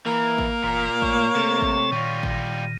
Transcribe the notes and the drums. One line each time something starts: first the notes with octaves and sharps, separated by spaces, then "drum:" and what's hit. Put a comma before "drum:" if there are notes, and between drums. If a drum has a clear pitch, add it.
E3 A#3 A#4
drum: kick A1
F#1 A#2 E3
A3 C#5, drum: kick A1
C3 A3 A4
drum: kick A1
A#2 D#3 G3 F4
drum: kick A1